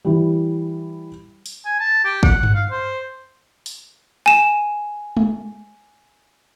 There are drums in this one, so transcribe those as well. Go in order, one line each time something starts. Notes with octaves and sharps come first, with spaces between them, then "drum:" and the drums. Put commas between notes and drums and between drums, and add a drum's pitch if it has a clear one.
E3 G3
drum: open hi-hat
G#5
A5
G4
F#5, drum: kick G#1
drum: tom G2
F5
C5
drum: open hi-hat
G#5 E7
drum: tom G#3